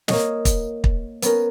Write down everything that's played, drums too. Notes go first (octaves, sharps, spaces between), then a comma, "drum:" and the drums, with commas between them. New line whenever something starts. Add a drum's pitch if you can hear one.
A#3 C#5 D#5, drum: snare
drum: kick, hi-hat
drum: kick
B3 C#4 A#4, drum: hi-hat